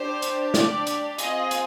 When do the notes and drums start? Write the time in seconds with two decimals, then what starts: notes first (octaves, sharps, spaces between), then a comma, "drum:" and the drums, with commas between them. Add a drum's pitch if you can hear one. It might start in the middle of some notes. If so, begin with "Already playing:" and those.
Already playing: D4 G4 C5
0.22 drum: hi-hat
0.54 D5, drum: snare
0.87 drum: hi-hat
1.18 C4 F4 G#4 D#5, drum: hi-hat
1.51 drum: hi-hat